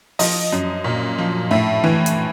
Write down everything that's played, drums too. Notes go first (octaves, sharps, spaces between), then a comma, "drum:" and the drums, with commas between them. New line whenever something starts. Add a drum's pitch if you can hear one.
F3 D#5, drum: open hi-hat
F#2
A#2
F3
A2 E5
E3
drum: hi-hat